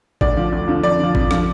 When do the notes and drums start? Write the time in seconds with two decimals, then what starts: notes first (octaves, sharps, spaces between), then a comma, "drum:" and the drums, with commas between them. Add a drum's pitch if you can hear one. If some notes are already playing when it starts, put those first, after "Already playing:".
0.21 D2 D5, drum: kick G#1
0.37 D3 F3
0.52 D2
0.68 D3 F3
0.83 F2 D5
0.99 D3 F3
1.15 F2, drum: kick G#1
1.31 D3 F3, drum: rim click